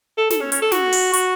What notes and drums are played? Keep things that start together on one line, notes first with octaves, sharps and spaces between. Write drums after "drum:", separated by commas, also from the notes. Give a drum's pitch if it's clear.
A4
A4, drum: snare
C#4
C#4, drum: hi-hat
A4
F#4, drum: snare
drum: open hi-hat
F#4, drum: hi-hat